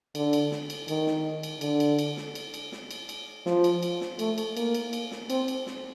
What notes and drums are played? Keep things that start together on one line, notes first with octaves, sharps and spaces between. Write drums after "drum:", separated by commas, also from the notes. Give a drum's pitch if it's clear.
D3, drum: cymbal
drum: cymbal
drum: snare
drum: cymbal
D#3, drum: cymbal
drum: snare
drum: cymbal
D3, drum: cymbal
drum: cymbal
drum: cymbal
drum: snare
drum: cymbal
drum: cymbal
drum: snare
drum: cymbal
drum: cymbal
F3, drum: snare
drum: cymbal
drum: cymbal
drum: snare
A3, drum: cymbal
drum: cymbal
A#3, drum: cymbal
drum: cymbal
drum: cymbal
drum: snare
C4, drum: cymbal
drum: cymbal
drum: snare